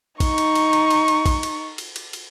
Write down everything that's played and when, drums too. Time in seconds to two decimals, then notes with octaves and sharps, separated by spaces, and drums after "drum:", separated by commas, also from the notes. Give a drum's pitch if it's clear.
0.20 D#4 C#6, drum: kick, cymbal
0.38 drum: cymbal
0.55 drum: cymbal
0.73 drum: cymbal
0.91 drum: cymbal
1.08 drum: cymbal
1.26 drum: kick, cymbal
1.43 drum: cymbal
1.78 drum: cymbal
1.96 drum: cymbal
2.13 drum: cymbal